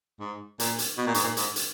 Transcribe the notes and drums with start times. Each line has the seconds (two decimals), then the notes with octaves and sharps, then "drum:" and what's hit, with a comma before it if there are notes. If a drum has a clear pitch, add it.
0.20 G#2
0.60 A#2, drum: hi-hat
0.79 drum: hi-hat
0.98 B2
1.07 A#2
1.14 G#2, drum: hi-hat
1.23 A#2
1.37 G#2, drum: hi-hat
1.56 drum: hi-hat